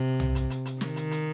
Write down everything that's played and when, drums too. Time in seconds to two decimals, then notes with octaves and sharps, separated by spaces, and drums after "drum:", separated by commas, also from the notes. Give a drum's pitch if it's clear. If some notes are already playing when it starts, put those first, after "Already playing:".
Already playing: C3
0.20 drum: tom
0.35 drum: hi-hat
0.50 drum: hi-hat
0.65 drum: hi-hat
0.81 D#3, drum: snare
0.96 drum: hi-hat
1.11 drum: hi-hat